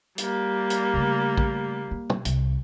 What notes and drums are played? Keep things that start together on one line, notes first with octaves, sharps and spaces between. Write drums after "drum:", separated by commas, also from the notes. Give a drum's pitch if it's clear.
G3 A#3, drum: hi-hat
drum: hi-hat
C#3 A3
drum: kick
A#3
drum: tom
C2, drum: hi-hat